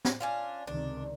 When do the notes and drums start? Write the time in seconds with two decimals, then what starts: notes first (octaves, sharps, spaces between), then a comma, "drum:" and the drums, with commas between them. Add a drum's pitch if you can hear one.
0.05 drum: snare
0.20 C#4 D4 F4
0.67 C#2 C3 D#3 D4